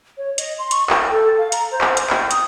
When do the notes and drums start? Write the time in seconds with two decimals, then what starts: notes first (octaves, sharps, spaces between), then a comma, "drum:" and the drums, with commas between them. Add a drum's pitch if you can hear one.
0.18 C#5
0.38 D#5, drum: hi-hat
0.58 C6
0.71 C#6, drum: hi-hat
0.90 G5, drum: clap
1.11 A4
1.38 F5
1.52 A#5, drum: hi-hat
1.71 C5
1.81 drum: clap
1.97 drum: hi-hat
2.10 G5, drum: clap
2.31 D#6, drum: hi-hat